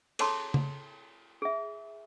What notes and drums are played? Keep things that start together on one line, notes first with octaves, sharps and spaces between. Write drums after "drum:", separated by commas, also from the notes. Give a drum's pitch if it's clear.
G#4 A4 C#5 A5 A#5 C6, drum: cymbal
drum: tom C#3
G#4 E5